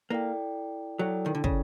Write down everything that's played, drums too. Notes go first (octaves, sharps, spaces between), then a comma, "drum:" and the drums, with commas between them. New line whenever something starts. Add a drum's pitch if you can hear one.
A#3 E4 A4 D5 G5
F#3 E4 A4 D5 G5
D#3
D3
C#3, drum: kick